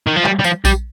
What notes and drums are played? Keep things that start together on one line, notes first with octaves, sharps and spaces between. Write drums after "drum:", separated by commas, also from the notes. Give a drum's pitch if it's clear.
D#3
F3
G3, drum: clap
G3
F3, drum: tambourine
G3, drum: kick A#1, tambourine